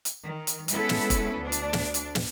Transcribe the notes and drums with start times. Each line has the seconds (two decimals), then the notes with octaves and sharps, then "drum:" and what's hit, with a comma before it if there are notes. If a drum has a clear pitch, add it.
0.05 drum: hi-hat
0.22 D#3
0.47 drum: hi-hat
0.68 G#3 B3 C#4 E4 A4 B4, drum: hi-hat
0.89 drum: snare
1.10 drum: kick E1, hi-hat
1.37 D2 D4
1.52 drum: hi-hat
1.73 drum: snare
1.94 drum: hi-hat
2.15 drum: snare